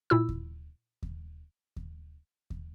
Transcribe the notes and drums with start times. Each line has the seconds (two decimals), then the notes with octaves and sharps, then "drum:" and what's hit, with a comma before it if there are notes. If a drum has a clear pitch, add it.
0.10 A#2 E4 E6
0.29 drum: kick D#2
1.03 drum: kick D#2
1.76 drum: kick D#2
2.50 drum: kick D#2